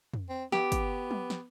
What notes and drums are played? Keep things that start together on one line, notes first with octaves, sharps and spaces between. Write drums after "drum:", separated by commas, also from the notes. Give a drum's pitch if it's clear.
drum: tom
C4
B3 G4, drum: snare
drum: kick, hi-hat
drum: tom
drum: snare